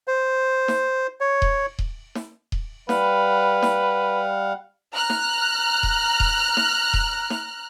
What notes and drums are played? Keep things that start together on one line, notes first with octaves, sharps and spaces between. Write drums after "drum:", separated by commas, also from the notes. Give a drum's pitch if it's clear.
C5
drum: snare
C#5
drum: kick D#1
drum: kick D#1
drum: snare
drum: kick D#1
G3 B4 F5 F#5, drum: snare
drum: snare
A#5 F6 F#6
drum: snare
drum: kick D#1
drum: kick D#1
drum: snare
drum: kick D#1
drum: snare